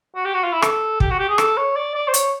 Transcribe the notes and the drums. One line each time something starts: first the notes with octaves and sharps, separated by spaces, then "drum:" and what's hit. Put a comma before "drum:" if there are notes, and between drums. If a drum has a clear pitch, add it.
F#4
G4
F#4
F4
E4
A4, drum: rim click
G4, drum: kick
F#4
G4
G#4
A4, drum: rim click
C#5
D5
D5
C5
C#5, drum: hi-hat